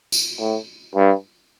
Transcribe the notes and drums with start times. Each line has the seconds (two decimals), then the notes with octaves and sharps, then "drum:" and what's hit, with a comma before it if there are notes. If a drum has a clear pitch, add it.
0.12 drum: tambourine
0.40 A2
0.95 G2